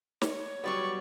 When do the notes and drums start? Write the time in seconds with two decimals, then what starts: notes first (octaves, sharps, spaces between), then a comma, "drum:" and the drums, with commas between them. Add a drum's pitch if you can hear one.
0.22 C#5, drum: snare
0.64 F#3 G3 B3 D5 C#6